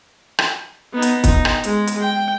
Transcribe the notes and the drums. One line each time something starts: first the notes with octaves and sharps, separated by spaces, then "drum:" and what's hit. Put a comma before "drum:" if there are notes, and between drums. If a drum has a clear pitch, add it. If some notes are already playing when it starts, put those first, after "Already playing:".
drum: rim click
B3 D#4
drum: hi-hat
D#4, drum: kick, hi-hat
drum: rim click
G#3, drum: hi-hat
drum: hi-hat
G5